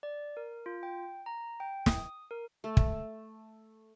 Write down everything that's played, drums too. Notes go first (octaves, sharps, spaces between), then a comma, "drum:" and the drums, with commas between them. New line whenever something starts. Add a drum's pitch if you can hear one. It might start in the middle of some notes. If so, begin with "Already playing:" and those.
D5
A#4
F4
G5
A#5
G5
D#6, drum: snare
A#4
A3
drum: kick